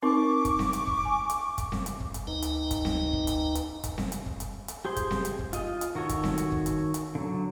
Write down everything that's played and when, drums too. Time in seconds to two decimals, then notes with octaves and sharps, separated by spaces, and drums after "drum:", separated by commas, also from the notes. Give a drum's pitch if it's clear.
0.02 C4 D#4 A#4 C#6 D6
0.45 drum: kick, hi-hat
0.59 drum: snare C4
0.73 drum: hi-hat
0.87 drum: kick
1.05 G#5
1.30 drum: hi-hat
1.58 drum: kick, hi-hat
1.72 drum: snare C4
1.86 drum: hi-hat
2.00 drum: kick
2.14 drum: hi-hat
2.27 D2 D#4 B4 D#5 G5 A#5
2.42 drum: hi-hat
2.71 drum: kick, hi-hat
2.85 drum: snare C4
3.13 drum: kick
3.27 drum: hi-hat
3.55 drum: hi-hat
3.84 drum: kick, hi-hat
3.98 drum: snare C4
4.12 drum: hi-hat
4.26 drum: kick
4.40 drum: hi-hat
4.68 drum: hi-hat
4.85 G4 G#4 C5 C6
4.96 drum: kick, hi-hat
5.11 drum: snare C4
5.25 drum: hi-hat
5.39 drum: kick
5.53 F4 D#5, drum: hi-hat
5.81 drum: hi-hat
5.95 D#3 F#4 A4 C#5
6.09 drum: kick, hi-hat
6.24 drum: snare C4
6.38 drum: hi-hat
6.52 drum: kick
6.66 drum: hi-hat
6.94 drum: hi-hat
7.15 D3 F#3